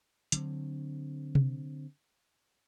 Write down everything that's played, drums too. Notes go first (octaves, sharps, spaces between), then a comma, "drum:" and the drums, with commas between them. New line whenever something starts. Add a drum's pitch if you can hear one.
D3 F#3 C4, drum: hi-hat
drum: tom C3